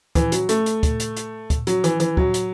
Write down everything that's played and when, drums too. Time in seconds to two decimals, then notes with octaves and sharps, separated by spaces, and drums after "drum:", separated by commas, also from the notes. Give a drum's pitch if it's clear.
0.15 E3, drum: kick, hi-hat
0.32 F#3, drum: hi-hat
0.49 A3, drum: hi-hat
0.66 drum: hi-hat
0.83 drum: kick, hi-hat
1.00 drum: hi-hat
1.17 drum: hi-hat
1.50 drum: kick, hi-hat
1.67 F#3, drum: hi-hat
1.84 E3, drum: hi-hat
2.00 E3, drum: hi-hat
2.17 F#3, drum: kick
2.34 drum: hi-hat